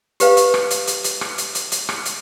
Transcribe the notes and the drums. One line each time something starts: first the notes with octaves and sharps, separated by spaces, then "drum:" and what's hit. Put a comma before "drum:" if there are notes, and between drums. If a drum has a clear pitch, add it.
G4 B4 F5, drum: hi-hat
drum: hi-hat
drum: rim click
drum: hi-hat
drum: hi-hat
drum: hi-hat
drum: rim click
drum: hi-hat
drum: hi-hat
drum: hi-hat
drum: rim click
drum: hi-hat